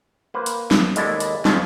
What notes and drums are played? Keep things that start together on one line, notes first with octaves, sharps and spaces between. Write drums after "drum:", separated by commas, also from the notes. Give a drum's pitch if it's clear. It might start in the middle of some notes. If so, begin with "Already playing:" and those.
A#3 B4 C5
drum: hi-hat
drum: snare
D#2 G#3 E4 A4 D5, drum: hi-hat
drum: hi-hat
F2 F3 C#4 G#4 A5, drum: snare